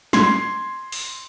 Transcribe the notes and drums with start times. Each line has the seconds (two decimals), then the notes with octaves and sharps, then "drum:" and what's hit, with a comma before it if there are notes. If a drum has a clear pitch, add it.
0.13 C6 G#6 C7, drum: snare
0.92 drum: open hi-hat